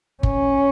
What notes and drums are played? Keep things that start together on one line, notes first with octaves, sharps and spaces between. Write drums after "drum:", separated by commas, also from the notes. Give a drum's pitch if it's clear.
C#4, drum: kick G1